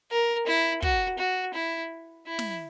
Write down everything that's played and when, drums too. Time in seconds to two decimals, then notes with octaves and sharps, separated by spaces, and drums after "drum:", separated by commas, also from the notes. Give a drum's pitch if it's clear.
0.11 A#4
0.47 E4
0.82 F#4, drum: kick
1.19 F#4
1.54 E4
2.27 E4
2.39 drum: snare